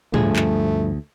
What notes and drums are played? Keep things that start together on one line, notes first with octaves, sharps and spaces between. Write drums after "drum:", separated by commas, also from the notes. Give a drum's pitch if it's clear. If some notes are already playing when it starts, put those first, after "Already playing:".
D2 G2 F3 A3 G#4, drum: tom
drum: clap